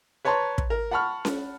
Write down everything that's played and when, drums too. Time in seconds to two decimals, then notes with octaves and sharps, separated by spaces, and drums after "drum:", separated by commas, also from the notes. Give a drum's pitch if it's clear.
0.25 B4 C#5 A5 A#5 C6 C#6
0.58 drum: kick
0.70 A#4
0.91 F#5 A5 B5 C#6 F6
1.25 drum: snare C#4